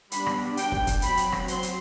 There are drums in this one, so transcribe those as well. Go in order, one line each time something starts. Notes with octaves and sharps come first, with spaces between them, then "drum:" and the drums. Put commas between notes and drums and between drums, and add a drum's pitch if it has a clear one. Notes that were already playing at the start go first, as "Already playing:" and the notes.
G3 B3 D4 B5, drum: hi-hat
drum: rim click
G5, drum: hi-hat
drum: kick
drum: kick, hi-hat
F#3 C4 B5, drum: hi-hat
drum: hi-hat
drum: rim click
C6, drum: hi-hat
drum: hi-hat